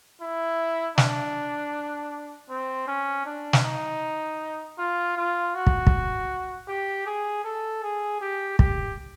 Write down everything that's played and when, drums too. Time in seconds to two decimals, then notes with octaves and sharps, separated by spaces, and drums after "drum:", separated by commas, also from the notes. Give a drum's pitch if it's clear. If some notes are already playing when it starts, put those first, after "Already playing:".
0.22 E4
0.98 D4, drum: snare
2.49 C4
2.88 C#4
3.26 D4
3.53 drum: snare
3.64 D#4
4.78 F4
5.17 F4
5.55 F#4
5.67 drum: kick
5.87 drum: kick
6.68 G4
7.06 G#4
7.44 A4
7.83 G#4
8.21 G4
8.59 G4, drum: kick